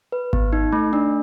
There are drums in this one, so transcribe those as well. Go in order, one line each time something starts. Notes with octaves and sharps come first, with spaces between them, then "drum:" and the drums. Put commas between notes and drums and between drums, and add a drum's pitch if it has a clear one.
B4
B3, drum: kick G#1
D#4
A3
D4